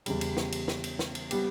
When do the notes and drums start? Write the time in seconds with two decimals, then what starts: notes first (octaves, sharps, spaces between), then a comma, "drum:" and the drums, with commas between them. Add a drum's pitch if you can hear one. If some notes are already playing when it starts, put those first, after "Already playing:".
0.06 E2 C#3 G3, drum: cymbal
0.21 drum: cymbal
0.37 drum: snare
0.52 drum: cymbal
0.68 drum: snare
0.84 drum: cymbal
0.99 drum: snare
1.15 drum: cymbal
1.31 G3 B3 G4, drum: cymbal